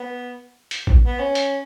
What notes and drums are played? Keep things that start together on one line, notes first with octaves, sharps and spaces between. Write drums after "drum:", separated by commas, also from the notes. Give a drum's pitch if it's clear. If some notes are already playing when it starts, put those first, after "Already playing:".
Already playing: B3
drum: hi-hat
drum: kick A1
B3
C#4
drum: hi-hat